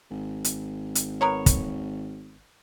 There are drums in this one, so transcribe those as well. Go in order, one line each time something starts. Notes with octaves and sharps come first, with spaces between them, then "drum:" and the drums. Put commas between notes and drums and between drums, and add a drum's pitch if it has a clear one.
G#1
drum: hi-hat
drum: hi-hat
B3 A#4 C#5
drum: kick, hi-hat